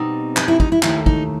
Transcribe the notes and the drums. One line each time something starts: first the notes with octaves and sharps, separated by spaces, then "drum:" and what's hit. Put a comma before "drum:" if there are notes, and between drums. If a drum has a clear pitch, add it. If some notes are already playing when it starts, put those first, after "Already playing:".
Already playing: B2 G3 C4 D#4
B4 D#5, drum: clap
E4
D#4, drum: kick
E4
D#2 D#3 A3 E4, drum: clap
D#4, drum: kick